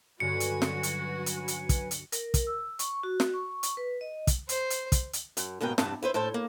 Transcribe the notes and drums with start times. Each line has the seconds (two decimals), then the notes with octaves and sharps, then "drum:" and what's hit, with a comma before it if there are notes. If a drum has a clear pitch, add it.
0.20 G2 D3 F#3 C#4 F#4 B4 G#5 C#7
0.40 drum: hi-hat
0.62 drum: snare
0.83 drum: hi-hat
1.26 drum: hi-hat
1.48 drum: hi-hat
1.69 drum: kick, hi-hat
1.91 drum: hi-hat
2.12 A#4, drum: hi-hat
2.34 drum: kick, hi-hat
2.47 E6
2.79 C#6, drum: hi-hat
3.03 F#4
3.20 drum: snare
3.34 C#6
3.63 drum: hi-hat
3.77 B4
4.01 D#5
4.27 drum: kick, hi-hat
4.49 C5, drum: hi-hat
4.70 drum: hi-hat
4.92 drum: kick, hi-hat
5.13 drum: hi-hat
5.37 F#2, drum: hi-hat
5.61 D#2 G#2 B2 A#4 G5
5.78 E2 G2 C3 A5, drum: snare
6.03 E4 B4 C5
6.14 A2 A4 C5 A5
6.34 A#3